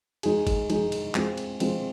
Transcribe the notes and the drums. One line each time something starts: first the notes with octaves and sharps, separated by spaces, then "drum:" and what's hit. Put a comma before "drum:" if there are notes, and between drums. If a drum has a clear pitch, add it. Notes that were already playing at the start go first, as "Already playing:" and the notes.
G#3 D#4 G#4, drum: cymbal
drum: kick, cymbal
G#3 D#4 G#4, drum: cymbal
drum: cymbal
G#3 C4 F4, drum: clap
drum: cymbal
G#3 C4 F4, drum: cymbal